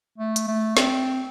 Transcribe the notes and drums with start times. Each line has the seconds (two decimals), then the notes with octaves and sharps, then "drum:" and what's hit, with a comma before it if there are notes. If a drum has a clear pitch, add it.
0.18 A3
0.36 drum: hi-hat
0.48 A3
0.77 C4, drum: snare